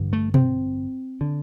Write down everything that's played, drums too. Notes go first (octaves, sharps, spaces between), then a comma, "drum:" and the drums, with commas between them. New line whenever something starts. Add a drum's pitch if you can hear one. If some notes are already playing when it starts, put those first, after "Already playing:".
Already playing: A1 G2 D3
A3
C4, drum: tom B2
D3